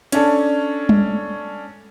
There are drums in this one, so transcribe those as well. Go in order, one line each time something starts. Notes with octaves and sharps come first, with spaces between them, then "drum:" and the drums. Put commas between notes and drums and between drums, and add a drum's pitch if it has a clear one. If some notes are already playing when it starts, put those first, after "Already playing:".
C#4 D4 A4, drum: hi-hat
drum: tom G3